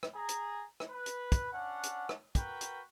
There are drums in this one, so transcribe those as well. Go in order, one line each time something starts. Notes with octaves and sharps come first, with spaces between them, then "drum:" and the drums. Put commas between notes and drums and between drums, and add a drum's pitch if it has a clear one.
drum: rim click
G#4 A#5
drum: hi-hat
drum: rim click
B4
drum: hi-hat
drum: kick, hi-hat
C#4 D4 F#5
drum: hi-hat
drum: rim click
F#4 A#4 B4 G5, drum: kick, hi-hat
drum: hi-hat